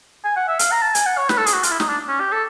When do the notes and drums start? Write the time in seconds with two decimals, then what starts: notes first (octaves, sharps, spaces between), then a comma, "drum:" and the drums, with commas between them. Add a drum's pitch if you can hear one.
0.25 G#5
0.36 F#5
0.48 E5
0.59 F5, drum: hi-hat
0.72 A#5
0.82 A5
0.95 G#5, drum: hi-hat
1.06 F#5
1.18 C#5
1.29 B4, drum: snare
1.38 A4
1.46 G#4, drum: hi-hat
1.54 F#4
1.63 F4, drum: hi-hat
1.71 E4
1.80 D#4, drum: snare
1.89 D4
2.08 C#4
2.20 G4
2.32 A4